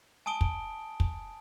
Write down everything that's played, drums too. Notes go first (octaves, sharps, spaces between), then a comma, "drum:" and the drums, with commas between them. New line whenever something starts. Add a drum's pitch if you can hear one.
G#5 A5 D#6 D7 G7
drum: kick
drum: kick